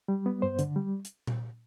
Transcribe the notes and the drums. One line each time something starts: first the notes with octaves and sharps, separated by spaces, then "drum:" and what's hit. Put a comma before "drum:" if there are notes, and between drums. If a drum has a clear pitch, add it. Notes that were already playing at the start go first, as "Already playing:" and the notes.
G3
B3
G2 C5
D3, drum: hi-hat
G3
drum: hi-hat
drum: tom A#2